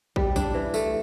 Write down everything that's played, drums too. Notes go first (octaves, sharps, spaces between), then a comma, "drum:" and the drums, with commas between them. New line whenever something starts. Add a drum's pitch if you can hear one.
G3, drum: kick
D4, drum: kick, tambourine
E3
A3, drum: tambourine